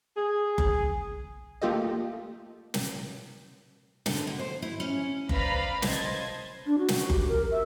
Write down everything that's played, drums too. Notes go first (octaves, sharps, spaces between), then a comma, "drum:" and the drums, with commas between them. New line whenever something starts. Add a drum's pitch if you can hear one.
G#4
drum: kick F#1
A3 A#3 F4 G4 A4 D#5
drum: snare
D3, drum: snare
B2
C5
E4
C#4
B4 C5 D5 F5 A#5 B5, drum: kick F#1
C5 D#5 A5 C6 G#6 A6, drum: snare
D4
F#4
drum: snare
G4, drum: kick F#1
A#4
E5